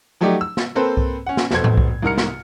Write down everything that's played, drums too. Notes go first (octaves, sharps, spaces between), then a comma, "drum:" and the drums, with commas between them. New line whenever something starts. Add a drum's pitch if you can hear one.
F3 F#3 A3 D#4 G4 D5
E6
drum: snare
A#3 C4 A4 B4 C5
drum: kick C2
C#4 F#5
drum: snare
F1 F2 B2 A4 C5 G#6, drum: snare
drum: tom A2
drum: kick C2
C2 G#2 A#4 F6 C#7
drum: snare